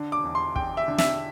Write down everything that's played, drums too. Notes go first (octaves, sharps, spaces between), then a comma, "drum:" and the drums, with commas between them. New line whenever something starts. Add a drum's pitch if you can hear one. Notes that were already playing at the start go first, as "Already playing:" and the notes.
Already playing: D3
D6
E2
C6
E2 G5, drum: kick
E5
D3
E5, drum: snare